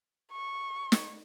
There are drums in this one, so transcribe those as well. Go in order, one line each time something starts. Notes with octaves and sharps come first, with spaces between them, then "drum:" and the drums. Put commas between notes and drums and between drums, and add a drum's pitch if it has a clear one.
C#6
drum: snare